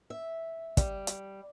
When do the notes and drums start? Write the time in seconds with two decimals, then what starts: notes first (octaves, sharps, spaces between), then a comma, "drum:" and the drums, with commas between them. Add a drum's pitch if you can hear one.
0.10 E5
0.77 G3, drum: kick, hi-hat
1.07 drum: hi-hat